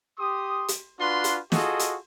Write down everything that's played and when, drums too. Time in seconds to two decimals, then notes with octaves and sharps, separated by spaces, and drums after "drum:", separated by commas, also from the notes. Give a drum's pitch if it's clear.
0.19 G4 C6 D#6
0.68 drum: hi-hat
1.00 D4 F4 F#4 B4 C6
1.24 drum: hi-hat
1.52 F4 F#4 G#4 A4 D#5, drum: snare
1.79 drum: hi-hat